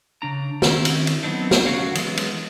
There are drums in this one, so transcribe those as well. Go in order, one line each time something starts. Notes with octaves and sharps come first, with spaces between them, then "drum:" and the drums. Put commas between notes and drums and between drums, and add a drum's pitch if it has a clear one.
C#3 D4 A#5
D3 D#3 F#3 C4 C#4 E4, drum: snare
drum: cymbal
drum: cymbal
F#3 B3 C4 D4 D#4
drum: snare
D3 C#4 F#4 F5
E3 F#3 G#3 B3, drum: cymbal
drum: cymbal